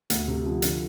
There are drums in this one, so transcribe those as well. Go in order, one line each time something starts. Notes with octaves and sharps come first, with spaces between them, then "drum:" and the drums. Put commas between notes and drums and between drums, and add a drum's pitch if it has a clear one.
D2, drum: hi-hat
C3
F3
D3, drum: hi-hat